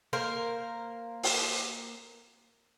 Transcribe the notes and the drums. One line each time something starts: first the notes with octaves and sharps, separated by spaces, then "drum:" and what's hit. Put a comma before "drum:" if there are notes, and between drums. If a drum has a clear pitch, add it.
A#3 A#4 C5
drum: open hi-hat